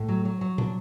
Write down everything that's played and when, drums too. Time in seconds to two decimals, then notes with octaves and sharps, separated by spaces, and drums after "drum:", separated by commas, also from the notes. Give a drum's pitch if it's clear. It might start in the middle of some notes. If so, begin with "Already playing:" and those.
Already playing: A2
0.08 F#3
0.25 F#3
0.41 F#3
0.58 D4, drum: tom